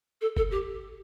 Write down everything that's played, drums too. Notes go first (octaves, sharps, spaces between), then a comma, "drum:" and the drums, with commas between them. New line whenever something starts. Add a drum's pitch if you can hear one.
A4
A4, drum: kick F#1
G4